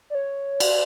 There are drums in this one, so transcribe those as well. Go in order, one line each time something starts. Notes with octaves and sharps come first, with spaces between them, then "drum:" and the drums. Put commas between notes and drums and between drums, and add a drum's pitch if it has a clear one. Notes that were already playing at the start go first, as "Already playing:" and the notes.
D5
C#5
D5, drum: cymbal